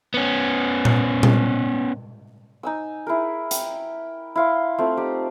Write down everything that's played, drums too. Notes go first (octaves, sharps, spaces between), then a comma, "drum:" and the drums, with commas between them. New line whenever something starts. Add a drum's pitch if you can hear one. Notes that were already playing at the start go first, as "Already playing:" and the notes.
B3 C#4
drum: tom A#2
drum: tom A#2
D#4 G#5 E6
E4 G#4 A#4
G5, drum: hi-hat
E4 F5 C6
A3 C4 F4
D#4 G4